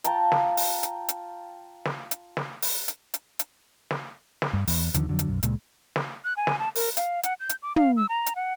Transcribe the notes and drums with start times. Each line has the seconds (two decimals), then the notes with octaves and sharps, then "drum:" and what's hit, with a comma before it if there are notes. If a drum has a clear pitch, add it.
0.04 F4 G5 A5 A#5, drum: hi-hat
0.32 drum: snare
0.57 drum: open hi-hat
0.83 drum: hi-hat
1.09 drum: hi-hat
1.85 drum: snare
2.11 drum: hi-hat
2.37 drum: snare
2.62 drum: open hi-hat
2.88 drum: hi-hat
3.14 drum: hi-hat
3.39 drum: hi-hat
3.91 drum: snare
4.42 drum: snare
4.53 G2
4.67 E2, drum: open hi-hat
4.94 D#2 D3 D#3 F3, drum: hi-hat
5.09 F2 D3 F#3
5.19 drum: hi-hat
5.29 B1 F#2
5.43 C#2 A#2 G#3, drum: hi-hat
5.96 drum: snare
6.24 F#6
6.37 G#5
6.47 drum: snare
6.59 A5
6.75 A#4, drum: open hi-hat
6.97 F5, drum: hi-hat
7.23 F#5, drum: hi-hat
7.40 G6
7.49 drum: hi-hat
7.62 D6
7.76 F5, drum: tom
7.97 E6
8.09 A#5
8.26 drum: hi-hat
8.36 F#5